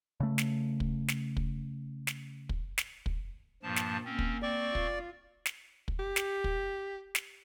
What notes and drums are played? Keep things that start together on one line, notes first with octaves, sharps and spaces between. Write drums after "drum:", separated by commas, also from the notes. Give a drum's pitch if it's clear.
C#3 A3
drum: snare
drum: kick
drum: snare
drum: kick
drum: snare
drum: kick
drum: snare
drum: kick
G2 A#2 F3 A5
drum: snare
A#3 C4 C#4
drum: kick
C4 D5 C#6
F4, drum: kick
drum: snare
drum: kick
G4
drum: snare
drum: kick
drum: snare